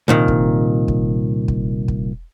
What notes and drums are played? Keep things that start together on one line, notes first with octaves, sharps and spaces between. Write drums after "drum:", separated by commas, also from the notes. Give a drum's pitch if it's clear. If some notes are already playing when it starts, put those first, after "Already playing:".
C2 A#2 D#3
drum: kick
drum: kick
drum: kick
drum: kick